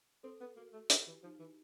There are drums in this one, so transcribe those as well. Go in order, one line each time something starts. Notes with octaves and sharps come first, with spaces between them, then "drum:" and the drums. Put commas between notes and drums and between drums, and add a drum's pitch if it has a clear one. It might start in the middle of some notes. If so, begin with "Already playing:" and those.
C4 A4
B3
A#3 F#4
A3
G4, drum: hi-hat
E3
F3 D#4
E3